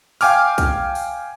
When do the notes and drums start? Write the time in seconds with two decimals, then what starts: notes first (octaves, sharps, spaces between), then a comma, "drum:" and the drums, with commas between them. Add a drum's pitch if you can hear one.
0.21 F5 G5 G#5 D6 F6, drum: open hi-hat
0.58 drum: kick, hi-hat
0.95 drum: open hi-hat